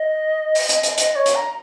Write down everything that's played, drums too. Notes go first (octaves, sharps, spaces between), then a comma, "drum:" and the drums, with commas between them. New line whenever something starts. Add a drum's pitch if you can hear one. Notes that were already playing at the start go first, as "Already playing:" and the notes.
Already playing: D#5
drum: open hi-hat
drum: hi-hat
drum: hi-hat
D#5, drum: hi-hat
C#5
drum: hi-hat
A#5